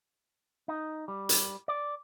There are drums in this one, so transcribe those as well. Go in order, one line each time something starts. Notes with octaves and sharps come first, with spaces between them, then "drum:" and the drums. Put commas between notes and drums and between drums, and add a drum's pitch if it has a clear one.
D#4
G3
drum: hi-hat
D5